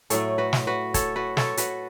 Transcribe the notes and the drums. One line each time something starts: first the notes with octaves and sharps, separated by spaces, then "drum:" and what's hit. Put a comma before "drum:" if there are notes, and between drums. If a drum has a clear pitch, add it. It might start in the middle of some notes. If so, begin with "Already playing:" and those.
A2 F#3 A3 A4 C#5, drum: hi-hat
F#4 B4
drum: snare
F#4 B4
A4 C#5, drum: kick, hi-hat
F#4 B4
A4 C#5, drum: snare
F#4 B4, drum: hi-hat